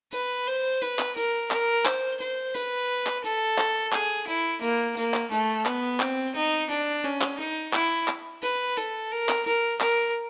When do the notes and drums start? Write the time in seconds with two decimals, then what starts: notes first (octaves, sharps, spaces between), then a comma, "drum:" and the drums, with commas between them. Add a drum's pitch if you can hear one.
0.13 B4, drum: hi-hat
0.47 C5
0.82 B4, drum: hi-hat
0.99 drum: clap
1.16 A#4, drum: hi-hat
1.51 A#4, drum: clap
1.85 C5, drum: clap
2.20 C5, drum: hi-hat
2.55 B4, drum: hi-hat
3.06 drum: clap
3.24 A4, drum: hi-hat
3.58 drum: clap
3.92 G#4, drum: clap
4.27 E4, drum: hi-hat
4.62 A#3, drum: hi-hat
4.97 A#3, drum: hi-hat
5.14 drum: clap
5.31 A3, drum: hi-hat
5.66 B3, drum: clap
6.00 C4, drum: clap
6.35 D#4, drum: hi-hat
6.70 D4, drum: hi-hat
7.04 C#4, drum: hi-hat
7.21 drum: clap
7.39 D#4, drum: hi-hat
7.73 E4, drum: clap
8.08 drum: clap
8.43 B4, drum: hi-hat
8.77 A4, drum: hi-hat
9.12 A#4
9.29 drum: clap
9.46 A#4, drum: hi-hat
9.81 A#4, drum: clap